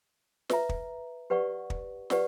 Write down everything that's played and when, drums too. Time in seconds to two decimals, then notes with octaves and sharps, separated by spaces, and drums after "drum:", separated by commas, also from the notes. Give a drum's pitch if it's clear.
0.50 B4 E5 A#5, drum: snare
0.69 drum: kick
1.30 G4 B4 D5 F#5 C#6
1.70 drum: kick
2.10 G4 B4 D5 F#5 C#6, drum: snare